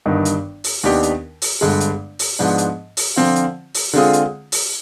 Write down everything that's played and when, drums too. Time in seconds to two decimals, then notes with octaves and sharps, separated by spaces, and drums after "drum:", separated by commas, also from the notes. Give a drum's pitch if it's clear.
0.06 G1 G2 D#3
0.25 drum: hi-hat
0.64 drum: open hi-hat
0.84 D#2 D#3 B3 D4 G4
1.03 drum: hi-hat
1.42 drum: open hi-hat
1.61 G1 G2 D3 G#3
1.80 drum: hi-hat
2.19 drum: open hi-hat
2.39 G#2 F3 B3 D4
2.58 drum: hi-hat
2.97 drum: open hi-hat
3.16 D3 F3 C4 F4
3.36 drum: hi-hat
3.74 drum: open hi-hat
3.93 D3 G#3 C4 F4 G#4
4.13 drum: hi-hat
4.52 drum: open hi-hat